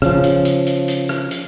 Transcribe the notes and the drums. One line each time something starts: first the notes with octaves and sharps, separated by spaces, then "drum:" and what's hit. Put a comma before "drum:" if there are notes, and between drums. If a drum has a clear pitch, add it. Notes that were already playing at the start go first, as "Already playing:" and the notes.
C#3 F3, drum: rim click
drum: hi-hat
drum: hi-hat
drum: hi-hat
drum: hi-hat
drum: rim click
drum: hi-hat